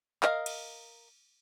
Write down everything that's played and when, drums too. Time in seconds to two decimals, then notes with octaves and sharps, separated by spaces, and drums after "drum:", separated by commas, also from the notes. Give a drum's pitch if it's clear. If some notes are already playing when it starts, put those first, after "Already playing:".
0.23 A#4 D#5 F5, drum: clap
0.46 drum: cymbal